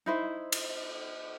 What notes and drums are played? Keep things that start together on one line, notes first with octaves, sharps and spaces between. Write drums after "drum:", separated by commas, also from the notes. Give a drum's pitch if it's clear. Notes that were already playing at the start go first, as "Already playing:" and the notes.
D#4 E4 C5
drum: cymbal